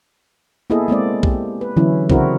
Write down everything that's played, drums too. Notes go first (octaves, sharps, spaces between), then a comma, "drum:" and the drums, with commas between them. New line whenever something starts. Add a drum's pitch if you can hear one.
A#3 B3 E4 G#4 A4 D#5
G#3 A#3 C4 D5
G4, drum: kick B1
B4
D3 E3 F#3 C#4 E4
C#3 C4 D4 E4 F#4 A#4, drum: kick B1